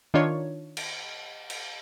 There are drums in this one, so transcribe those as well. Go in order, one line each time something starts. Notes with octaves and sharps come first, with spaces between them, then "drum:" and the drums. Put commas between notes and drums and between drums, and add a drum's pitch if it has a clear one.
D#3 D4 F4 C#5
drum: cymbal
drum: cymbal